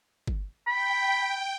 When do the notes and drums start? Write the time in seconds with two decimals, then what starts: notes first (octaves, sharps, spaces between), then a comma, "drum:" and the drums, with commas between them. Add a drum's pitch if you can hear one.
0.27 drum: kick G1
0.67 G5 B5